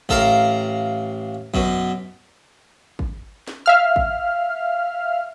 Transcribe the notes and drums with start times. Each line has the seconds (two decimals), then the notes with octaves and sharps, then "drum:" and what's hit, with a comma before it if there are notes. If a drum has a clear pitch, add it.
0.09 A1 A4 A#4 F5 A#5, drum: kick
1.54 F#2 B2, drum: kick
2.99 drum: kick
3.48 drum: snare
3.66 E5 F5 F6
3.96 drum: kick